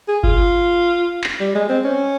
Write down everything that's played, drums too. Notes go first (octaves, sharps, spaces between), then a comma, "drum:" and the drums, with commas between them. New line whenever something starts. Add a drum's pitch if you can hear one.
G#4
F4, drum: kick G1
drum: clap
G3
G#3
C4
C#4